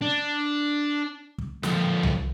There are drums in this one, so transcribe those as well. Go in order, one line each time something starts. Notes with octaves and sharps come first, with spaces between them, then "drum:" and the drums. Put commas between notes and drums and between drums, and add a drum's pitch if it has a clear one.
D4
drum: kick
D3 F3, drum: snare
drum: tom C2